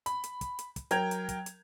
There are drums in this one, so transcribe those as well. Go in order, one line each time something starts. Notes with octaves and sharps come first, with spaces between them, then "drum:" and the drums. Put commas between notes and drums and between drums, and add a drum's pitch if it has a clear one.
B5, drum: hi-hat
drum: hi-hat
drum: kick, hi-hat
drum: hi-hat
drum: kick, hi-hat
F#3 A#4 G5 G#6 F7, drum: hi-hat
drum: hi-hat
drum: kick, hi-hat
drum: hi-hat